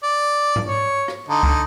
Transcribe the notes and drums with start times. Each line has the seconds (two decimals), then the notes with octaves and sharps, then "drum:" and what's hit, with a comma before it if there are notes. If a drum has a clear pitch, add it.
0.03 D5
0.56 drum: tom G#2
0.67 C#5
1.08 drum: rim click
1.29 D3 D#4
1.43 drum: kick C#2